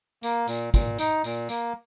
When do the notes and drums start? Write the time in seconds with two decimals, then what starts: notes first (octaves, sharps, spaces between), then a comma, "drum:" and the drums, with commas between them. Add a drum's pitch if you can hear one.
0.23 A#3, drum: tambourine
0.48 A#2, drum: tambourine
0.74 A#2, drum: kick, tambourine
0.98 D#4, drum: tambourine
1.24 A#2, drum: tambourine
1.49 A#3, drum: tambourine